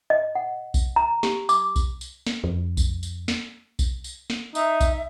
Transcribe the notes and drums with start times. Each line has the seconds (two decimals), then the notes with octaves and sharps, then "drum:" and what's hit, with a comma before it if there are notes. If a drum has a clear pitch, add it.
0.10 D#5
0.35 F#5
0.74 drum: kick B1, tambourine
0.96 A#5
1.23 G4, drum: snare
1.49 D6, drum: tambourine
1.76 drum: kick B1, tambourine
2.01 drum: tambourine
2.27 drum: snare
2.44 F2
2.77 drum: kick B1, tambourine
3.03 drum: tambourine
3.28 drum: snare
3.79 drum: kick B1, tambourine
4.04 drum: tambourine
4.30 drum: snare
4.55 D#4 E5, drum: tambourine
4.80 drum: kick B1, tambourine